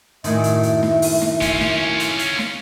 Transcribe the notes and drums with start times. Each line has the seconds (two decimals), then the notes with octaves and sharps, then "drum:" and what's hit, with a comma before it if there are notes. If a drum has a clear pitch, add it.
0.24 F#2 A2 D#3 E5, drum: hi-hat
0.44 drum: hi-hat
0.63 drum: hi-hat
0.83 drum: snare
1.02 drum: open hi-hat
1.22 drum: snare
1.41 C#4 F4, drum: kick, hi-hat
1.61 drum: snare
2.00 drum: hi-hat
2.19 drum: hi-hat
2.39 drum: snare